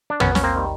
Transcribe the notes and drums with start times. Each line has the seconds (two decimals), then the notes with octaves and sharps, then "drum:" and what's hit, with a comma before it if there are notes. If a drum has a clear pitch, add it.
0.10 D4
0.20 F#2 B3 C#4, drum: tom
0.35 C#4, drum: snare
0.43 A#3 C4
0.56 D#3 G3